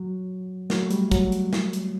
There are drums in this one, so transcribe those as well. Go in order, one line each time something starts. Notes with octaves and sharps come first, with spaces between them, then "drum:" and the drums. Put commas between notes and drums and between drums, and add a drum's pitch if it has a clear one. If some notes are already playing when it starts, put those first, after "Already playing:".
Already playing: F#3
F#3, drum: snare
A3
G3, drum: hi-hat
F#3, drum: kick, hi-hat
drum: hi-hat
drum: snare
drum: hi-hat